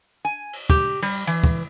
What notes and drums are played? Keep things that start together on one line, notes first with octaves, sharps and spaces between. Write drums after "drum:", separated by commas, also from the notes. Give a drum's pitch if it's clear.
G#5
drum: cymbal
G4, drum: kick
G3, drum: cymbal
E3
drum: kick